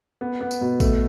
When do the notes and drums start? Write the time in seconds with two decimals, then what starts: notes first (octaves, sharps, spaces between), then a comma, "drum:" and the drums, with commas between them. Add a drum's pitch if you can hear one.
0.21 B3
0.41 B3
0.51 drum: tambourine
0.61 B2
0.80 A3, drum: kick A1, tambourine